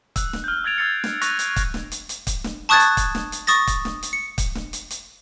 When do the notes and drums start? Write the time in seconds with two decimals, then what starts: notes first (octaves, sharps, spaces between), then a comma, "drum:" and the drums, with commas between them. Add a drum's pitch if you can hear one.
0.16 E6 F#6, drum: kick, hi-hat
0.33 drum: snare
0.44 F6 G6
0.64 E6 F#6 G#6 A6 D7 F7
0.78 E6 F6 G#6 A6 C7 C#7
1.04 drum: snare
1.22 C#6 F#6 A6 A#6 F7, drum: hi-hat
1.39 drum: hi-hat
1.56 drum: kick, hi-hat
1.74 drum: snare
1.92 drum: hi-hat
2.09 drum: hi-hat
2.27 drum: kick, hi-hat
2.44 drum: snare
2.69 A5 C#6 D#6 F#6 G#6 A6
2.79 drum: hi-hat
2.97 drum: kick, hi-hat
3.15 drum: snare
3.32 drum: hi-hat
3.47 C#6 D#6 A6 A#6, drum: hi-hat
3.67 drum: kick, hi-hat
3.85 drum: snare
4.03 drum: hi-hat
4.13 C#7
4.38 drum: kick, hi-hat
4.55 drum: snare
4.73 drum: hi-hat
4.91 drum: hi-hat